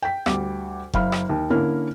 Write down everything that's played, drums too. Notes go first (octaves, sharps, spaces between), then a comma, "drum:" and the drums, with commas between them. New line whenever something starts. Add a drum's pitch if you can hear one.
G5 B6
D2 G3 D6, drum: rim click
F#1 E5 F5 B5 F6, drum: kick F1
drum: rim click
D#2
D3 A#3 C#4 E4 F6